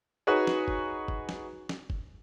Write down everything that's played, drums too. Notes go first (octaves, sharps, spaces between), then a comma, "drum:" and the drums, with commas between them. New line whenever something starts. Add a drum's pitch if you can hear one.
D#4 F#4 G#4 B4 C#5
drum: snare
drum: kick G1
drum: kick G1
drum: snare
drum: snare
drum: kick G1